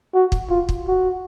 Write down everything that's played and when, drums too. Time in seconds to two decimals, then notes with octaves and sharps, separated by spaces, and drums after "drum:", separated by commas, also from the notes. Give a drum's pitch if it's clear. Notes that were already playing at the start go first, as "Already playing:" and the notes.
0.14 F#4
0.32 drum: kick
0.50 F4
0.69 drum: kick
0.88 F#4